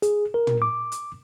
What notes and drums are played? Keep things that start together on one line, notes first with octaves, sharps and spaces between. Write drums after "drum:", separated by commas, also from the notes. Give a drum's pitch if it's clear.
G#4, drum: hi-hat
A#4
drum: tom
D6
drum: hi-hat